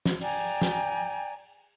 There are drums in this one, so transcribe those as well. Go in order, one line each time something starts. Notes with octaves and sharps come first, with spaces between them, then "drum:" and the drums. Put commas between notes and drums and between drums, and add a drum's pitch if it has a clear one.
drum: snare
D5 G5 G#5 A#5, drum: open hi-hat
drum: snare